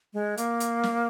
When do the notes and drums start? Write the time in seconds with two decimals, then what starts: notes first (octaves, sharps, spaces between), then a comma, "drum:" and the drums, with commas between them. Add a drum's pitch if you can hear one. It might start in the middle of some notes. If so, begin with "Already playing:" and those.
0.13 G#3
0.37 A#3, drum: hi-hat
0.60 drum: hi-hat
0.83 drum: snare